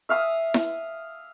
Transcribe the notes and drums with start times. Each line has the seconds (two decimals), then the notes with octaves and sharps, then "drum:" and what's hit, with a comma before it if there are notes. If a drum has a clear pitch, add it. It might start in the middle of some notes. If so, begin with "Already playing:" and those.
0.09 E5 F5 D#6
0.54 drum: snare E4